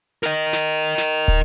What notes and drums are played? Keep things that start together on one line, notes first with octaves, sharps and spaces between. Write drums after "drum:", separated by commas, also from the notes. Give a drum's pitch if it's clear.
A#4 D#5, drum: snare
drum: snare
drum: snare
drum: kick